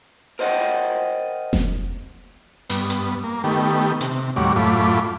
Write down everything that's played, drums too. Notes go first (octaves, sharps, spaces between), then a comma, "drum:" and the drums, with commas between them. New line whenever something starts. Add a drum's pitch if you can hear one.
A#4 C5 D#5 E5 F#5 G5
drum: snare F1
G2 B3, drum: open hi-hat
drum: hi-hat
A#3
D#3 A3 B3 G4
C3, drum: hi-hat
D#2 A2 G3 F#4 C#5 D6
F#2 A2 A3 F4 B5 D6